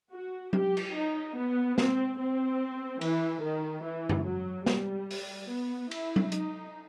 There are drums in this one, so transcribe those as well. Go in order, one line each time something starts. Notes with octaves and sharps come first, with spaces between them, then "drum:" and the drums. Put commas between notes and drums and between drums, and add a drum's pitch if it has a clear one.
F#4
G4, drum: tom F#3
drum: cymbal
D#4
B3
C4, drum: snare
C4
E3, drum: cymbal
D#3
E3
drum: tom
F#3
G3, drum: snare
drum: open hi-hat
B3
E4, drum: cymbal
drum: tom F#3
D#4, drum: hi-hat